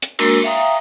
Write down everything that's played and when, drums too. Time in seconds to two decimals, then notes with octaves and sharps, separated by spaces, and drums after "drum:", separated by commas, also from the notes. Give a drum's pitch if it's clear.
0.02 drum: hi-hat
0.19 G#3 A#3 D4 F#4 A#4 E6, drum: cymbal
0.44 E5 F5 G5 A#5 D#6